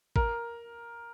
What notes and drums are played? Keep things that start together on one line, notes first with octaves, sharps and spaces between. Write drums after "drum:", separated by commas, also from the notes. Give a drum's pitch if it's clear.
A#4, drum: kick A1